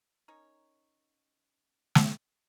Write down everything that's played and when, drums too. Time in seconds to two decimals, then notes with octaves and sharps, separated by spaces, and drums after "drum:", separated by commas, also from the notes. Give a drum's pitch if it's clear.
0.28 C#4 D#4 A#4 C#5
1.95 drum: snare